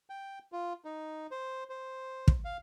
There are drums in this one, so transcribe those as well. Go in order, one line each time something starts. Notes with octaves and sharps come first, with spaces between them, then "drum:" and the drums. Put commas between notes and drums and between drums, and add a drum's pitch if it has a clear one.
G5
F4
D#4
C5
C5
drum: kick
F5